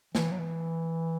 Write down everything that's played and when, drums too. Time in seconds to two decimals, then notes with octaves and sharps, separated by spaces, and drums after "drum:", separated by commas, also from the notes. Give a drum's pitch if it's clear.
0.15 E3, drum: snare
0.32 F#3
0.39 E3